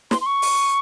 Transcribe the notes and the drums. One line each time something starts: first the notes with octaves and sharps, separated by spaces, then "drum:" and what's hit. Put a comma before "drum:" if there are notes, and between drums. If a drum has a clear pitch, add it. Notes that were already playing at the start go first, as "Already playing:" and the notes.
C6, drum: snare
C6
C#6
drum: open hi-hat